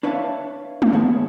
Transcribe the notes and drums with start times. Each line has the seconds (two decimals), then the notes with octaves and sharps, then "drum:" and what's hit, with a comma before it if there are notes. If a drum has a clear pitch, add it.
0.03 D4 B4 C#5 E5 F5 A5
0.82 drum: tom G3
0.92 D#2 G#2 B3 G#4 A5